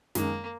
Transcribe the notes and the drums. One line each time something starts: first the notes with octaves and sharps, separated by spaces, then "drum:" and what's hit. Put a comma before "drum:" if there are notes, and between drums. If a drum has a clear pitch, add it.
F#2 D#3 G#3 A#3, drum: snare